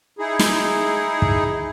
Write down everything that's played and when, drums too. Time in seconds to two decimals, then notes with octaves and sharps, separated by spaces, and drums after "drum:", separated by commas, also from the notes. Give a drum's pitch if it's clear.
0.19 D#4 E4 G#4
0.39 drum: snare
1.22 drum: kick